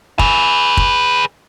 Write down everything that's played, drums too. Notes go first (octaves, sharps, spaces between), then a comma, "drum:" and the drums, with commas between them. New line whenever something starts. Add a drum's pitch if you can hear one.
G#4 B4, drum: kick
drum: kick